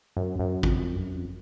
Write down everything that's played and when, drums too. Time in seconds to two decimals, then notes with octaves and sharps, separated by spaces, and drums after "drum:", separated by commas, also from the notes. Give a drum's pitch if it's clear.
0.17 F#2
0.39 F#2
0.63 F2, drum: kick
0.94 F#2
1.15 F2